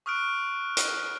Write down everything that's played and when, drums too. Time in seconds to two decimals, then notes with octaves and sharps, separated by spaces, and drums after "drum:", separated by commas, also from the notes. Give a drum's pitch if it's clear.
0.06 C#6 D#6 F6 F#6 D7
0.77 drum: hi-hat